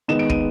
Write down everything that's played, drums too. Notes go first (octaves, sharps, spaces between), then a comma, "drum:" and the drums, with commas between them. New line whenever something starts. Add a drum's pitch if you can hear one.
D#3 G#3 B3 D#4 E7
D7
D#7, drum: kick